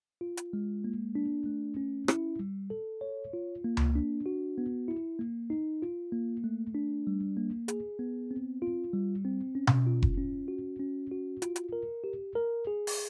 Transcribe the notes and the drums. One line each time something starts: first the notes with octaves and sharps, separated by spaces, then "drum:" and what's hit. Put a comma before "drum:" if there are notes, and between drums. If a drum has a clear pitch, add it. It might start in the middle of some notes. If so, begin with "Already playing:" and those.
F4
drum: hi-hat
G#3
A#3
D4
A3
C#4
E4, drum: rim click
G3
A4
C#5
F4
A#3
drum: tom C#2
D4
F#4
B3
E4
A#3
D#4
F4
A#3
A3
D4
G3
A#3
G#4, drum: hi-hat
B3
C4
F4
G3
C4
C#4
drum: tom B2
F4
drum: kick F1
C#4
F#4
C#4
F#4
F4, drum: hi-hat
drum: hi-hat
A#4
G4
A#4
G#4
drum: open hi-hat